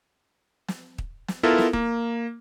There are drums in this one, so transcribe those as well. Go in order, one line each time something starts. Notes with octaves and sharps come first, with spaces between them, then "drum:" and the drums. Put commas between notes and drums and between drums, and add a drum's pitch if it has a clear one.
drum: snare
drum: kick
drum: snare
B3 E4 F4 A4 A#4
drum: snare
A#3, drum: kick